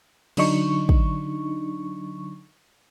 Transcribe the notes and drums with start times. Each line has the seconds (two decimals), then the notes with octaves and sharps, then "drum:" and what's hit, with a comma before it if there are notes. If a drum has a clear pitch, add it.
0.37 D3 F#3 D4 D#4 C#6, drum: cymbal
0.89 drum: kick